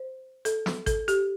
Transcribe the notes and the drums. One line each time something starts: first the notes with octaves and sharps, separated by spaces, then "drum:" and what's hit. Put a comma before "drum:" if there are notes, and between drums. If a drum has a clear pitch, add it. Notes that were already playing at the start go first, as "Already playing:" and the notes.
Already playing: C5
A4, drum: hi-hat
drum: snare
A4, drum: kick G#1, hi-hat
G4, drum: hi-hat